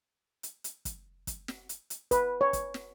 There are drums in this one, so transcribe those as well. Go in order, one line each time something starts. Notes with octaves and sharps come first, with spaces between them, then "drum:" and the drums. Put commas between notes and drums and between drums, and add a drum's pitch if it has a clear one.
drum: hi-hat
drum: hi-hat
drum: kick, hi-hat
drum: kick, hi-hat
drum: snare
drum: hi-hat
drum: hi-hat
B4, drum: kick, hi-hat
C#5
drum: kick, hi-hat
drum: snare